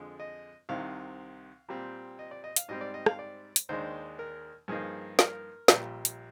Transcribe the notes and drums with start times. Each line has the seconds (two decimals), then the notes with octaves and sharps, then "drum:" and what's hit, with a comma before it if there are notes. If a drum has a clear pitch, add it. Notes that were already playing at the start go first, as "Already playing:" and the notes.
Already playing: F2 D3 G#3
0.20 D#5
0.69 C2 C3 D#3 F5
1.69 A#2 G3 C4
2.19 D#5
2.31 D5
2.44 D#5
2.56 F5, drum: hi-hat
2.68 G#2 G3 C4 D#5
2.81 D5
2.94 D#5
3.06 F5, drum: rim click
3.19 D5
3.56 drum: hi-hat
3.69 D#2 D#3 G#3 D4 C5
4.19 A#4
4.68 G2 F3 A#3 D#4 G#4
5.19 A#4, drum: snare
5.68 A#1 A#2 G3, drum: snare
6.05 drum: hi-hat